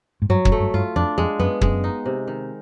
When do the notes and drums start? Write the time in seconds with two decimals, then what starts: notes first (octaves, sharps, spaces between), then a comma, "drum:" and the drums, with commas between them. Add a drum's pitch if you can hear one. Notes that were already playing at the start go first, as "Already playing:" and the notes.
0.22 G#2
0.29 G2 F#3
0.45 F#2, drum: kick
0.52 A3
0.60 G2
0.74 G2 F4
0.96 F2 D4
1.18 F2 G#3
1.40 F#2 B3
1.61 F#2 G#3, drum: kick
1.84 D#4
2.06 C3
2.28 D#3